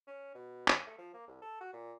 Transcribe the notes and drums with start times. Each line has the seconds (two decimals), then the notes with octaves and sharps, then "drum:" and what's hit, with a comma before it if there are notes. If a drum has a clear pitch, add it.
0.07 C#4
0.35 B2
0.68 D#2, drum: clap
0.87 A3
0.98 F3
1.14 A#3
1.28 C2
1.42 A4
1.61 F#4
1.73 A#2